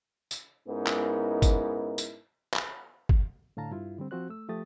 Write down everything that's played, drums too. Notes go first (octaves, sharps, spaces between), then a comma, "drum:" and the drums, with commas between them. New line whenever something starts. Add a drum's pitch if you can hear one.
drum: tambourine
G#2 B3 C#4 D#4 E4 A#4
drum: clap
drum: kick, tambourine
drum: tambourine
drum: clap
drum: kick
A2 D3 F5 A5 A#5
G2 E4 F4
D3 G3 C4
F3 C4 F#4 C5 F#6
A3 E6
F3 A3 G4 D#6 A6